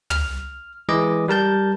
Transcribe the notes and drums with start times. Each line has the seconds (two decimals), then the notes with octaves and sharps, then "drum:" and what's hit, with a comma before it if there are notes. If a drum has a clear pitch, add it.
0.10 F6, drum: tom
0.89 E3 G#3 D#5 D6
1.28 G3 A#4 A5 G6